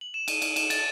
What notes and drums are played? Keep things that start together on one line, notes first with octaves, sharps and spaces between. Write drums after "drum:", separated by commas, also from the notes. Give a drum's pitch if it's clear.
F#7
E7
D#7, drum: cymbal
drum: cymbal
E7, drum: cymbal
A6, drum: cymbal